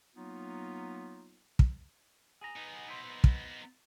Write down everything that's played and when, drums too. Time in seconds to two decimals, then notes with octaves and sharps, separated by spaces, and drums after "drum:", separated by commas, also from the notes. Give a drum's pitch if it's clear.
0.16 F#3 A#3 B3 D#4 F4
1.59 drum: kick
2.41 G#4 G#5 A#5
2.56 B3 D#4
2.88 E4 C5
3.24 drum: kick